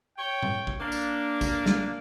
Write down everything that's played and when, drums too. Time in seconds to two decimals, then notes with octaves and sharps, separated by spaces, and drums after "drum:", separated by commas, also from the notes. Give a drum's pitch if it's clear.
0.18 C#5 G5
0.42 drum: tom G#2
0.67 drum: kick A1
0.80 A#3 D4
0.92 drum: tambourine
1.41 drum: kick A1, tambourine
1.66 drum: snare